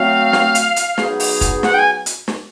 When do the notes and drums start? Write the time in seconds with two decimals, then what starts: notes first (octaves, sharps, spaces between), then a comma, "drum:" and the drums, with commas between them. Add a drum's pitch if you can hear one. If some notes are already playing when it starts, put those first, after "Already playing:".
Already playing: F#3 A3 C4 F5
0.33 drum: snare
0.55 drum: hi-hat
0.76 drum: hi-hat
0.98 F#3 B3 D#4 G#4, drum: snare
1.20 drum: open hi-hat
1.41 drum: kick, hi-hat
1.63 F#5, drum: snare
1.74 G5
1.79 G#5
2.06 drum: hi-hat
2.28 drum: snare